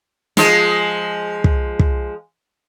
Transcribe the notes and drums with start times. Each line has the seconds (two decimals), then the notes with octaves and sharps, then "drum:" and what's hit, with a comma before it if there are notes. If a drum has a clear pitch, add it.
0.37 F3 G#3, drum: snare
1.44 drum: kick
1.79 drum: kick